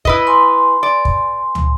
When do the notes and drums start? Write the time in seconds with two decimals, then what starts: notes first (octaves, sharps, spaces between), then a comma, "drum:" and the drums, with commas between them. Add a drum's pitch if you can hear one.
0.05 E4 B4 D#5, drum: kick
0.27 G#5 C6
0.83 D5
1.05 drum: kick
1.55 drum: tom